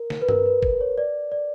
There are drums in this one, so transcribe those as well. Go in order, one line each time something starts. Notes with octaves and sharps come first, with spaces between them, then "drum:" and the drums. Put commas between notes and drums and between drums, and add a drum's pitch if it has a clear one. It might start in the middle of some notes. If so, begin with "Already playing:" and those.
Already playing: A#4
drum: snare
B4
A#4, drum: tom G2
B4
drum: kick
C#5
D5
D5